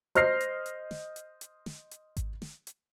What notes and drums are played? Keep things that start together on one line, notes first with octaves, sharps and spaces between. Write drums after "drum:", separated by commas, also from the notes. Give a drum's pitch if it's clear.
C5 D#5 F6 A#6 C7, drum: hi-hat
drum: hi-hat
drum: hi-hat
drum: snare
drum: hi-hat
drum: hi-hat
drum: snare
drum: hi-hat
drum: kick G#1, hi-hat
drum: snare
drum: hi-hat